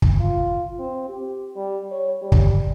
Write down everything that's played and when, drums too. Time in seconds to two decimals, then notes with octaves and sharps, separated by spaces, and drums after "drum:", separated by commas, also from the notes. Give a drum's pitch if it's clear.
0.02 drum: kick
0.19 F4
0.79 C4
1.09 G4
1.56 G3
1.91 C#5
2.22 G3
2.32 drum: kick